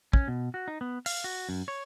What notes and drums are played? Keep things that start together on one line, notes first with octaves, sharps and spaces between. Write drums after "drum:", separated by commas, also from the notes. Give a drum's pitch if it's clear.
C#4, drum: kick
B2
F#4
D#4
B3
F5, drum: open hi-hat
F#4
F#2
C#5